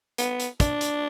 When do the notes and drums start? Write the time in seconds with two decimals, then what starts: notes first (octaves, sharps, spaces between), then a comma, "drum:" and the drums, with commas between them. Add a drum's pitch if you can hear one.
0.18 B3, drum: hi-hat
0.40 drum: hi-hat
0.60 D4, drum: kick, hi-hat
0.81 drum: hi-hat